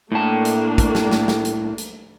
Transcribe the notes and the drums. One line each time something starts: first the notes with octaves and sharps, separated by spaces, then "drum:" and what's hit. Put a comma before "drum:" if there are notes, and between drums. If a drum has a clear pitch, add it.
A2 A3 A#3 D4 A5
drum: hi-hat
drum: kick, hi-hat
drum: snare
drum: snare
drum: snare
drum: hi-hat
drum: hi-hat